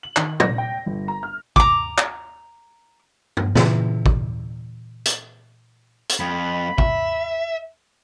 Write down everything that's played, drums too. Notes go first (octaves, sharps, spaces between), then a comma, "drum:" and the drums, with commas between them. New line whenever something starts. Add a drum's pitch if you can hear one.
F#7
D#3, drum: clap
A#6, drum: tom
G5
G1
A#5
F6
A#5 D6, drum: kick
drum: clap
drum: tom G2
A#2 C#3 E3, drum: snare
drum: kick
drum: hi-hat
drum: hi-hat
F2 B5
E5, drum: kick